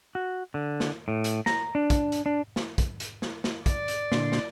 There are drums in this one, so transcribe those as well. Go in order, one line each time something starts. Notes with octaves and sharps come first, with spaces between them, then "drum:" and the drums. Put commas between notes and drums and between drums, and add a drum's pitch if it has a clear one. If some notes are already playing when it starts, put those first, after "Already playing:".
F#4
D3
drum: snare
A2
drum: hi-hat
A#5, drum: snare
D4
drum: kick, hi-hat
drum: hi-hat
D4
drum: snare
drum: kick, hi-hat
drum: hi-hat
drum: snare
drum: snare
D5, drum: kick, hi-hat
drum: hi-hat
A#2 D3 C6, drum: snare
drum: snare